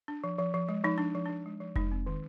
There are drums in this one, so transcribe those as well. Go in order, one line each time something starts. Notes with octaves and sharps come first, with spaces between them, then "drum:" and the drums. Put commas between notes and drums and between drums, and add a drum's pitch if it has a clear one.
D4
F3
F3
F3
G#3
F3 D#4
F3 D4
F3
F3 D4
G#3
F3
G#3 D#4, drum: kick F1
C4
D#3